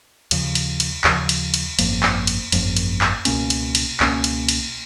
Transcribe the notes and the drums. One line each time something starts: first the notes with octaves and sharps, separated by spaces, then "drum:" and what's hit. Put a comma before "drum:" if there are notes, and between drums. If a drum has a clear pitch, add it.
D#2 C#3 F3, drum: cymbal
drum: cymbal
drum: cymbal
D#2 C#3 F3, drum: clap
drum: cymbal
drum: cymbal
G#1 F#2 F3 A#3, drum: cymbal
drum: clap
drum: cymbal
G#1 F#2 F3 A#3, drum: cymbal
drum: cymbal
drum: clap
C#2 B2 A#3 C#4, drum: cymbal
drum: cymbal
drum: cymbal
C#2 B2 A#3 C#4, drum: clap
drum: cymbal
drum: cymbal